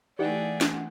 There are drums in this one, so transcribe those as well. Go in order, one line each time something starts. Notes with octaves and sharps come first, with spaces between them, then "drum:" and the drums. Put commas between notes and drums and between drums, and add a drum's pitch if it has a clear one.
E3 A3 D#4 G4 G#4 D5 F#5 G5
drum: snare